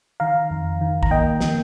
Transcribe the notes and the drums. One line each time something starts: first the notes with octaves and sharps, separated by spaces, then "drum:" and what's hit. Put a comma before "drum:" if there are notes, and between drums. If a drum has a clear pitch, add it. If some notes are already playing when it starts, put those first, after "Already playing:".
D#3 F5 A#5
F2
D#3
A#5, drum: kick
A#3 D#5 G5
A#3, drum: snare